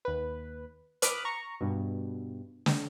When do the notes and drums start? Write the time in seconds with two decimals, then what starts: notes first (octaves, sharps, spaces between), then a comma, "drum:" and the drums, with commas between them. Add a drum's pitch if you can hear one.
0.05 D#2 B4
1.02 B5 D6 D#6 F6 F#6, drum: hi-hat
1.25 A#5 C#6
1.61 G2 B2
2.66 drum: snare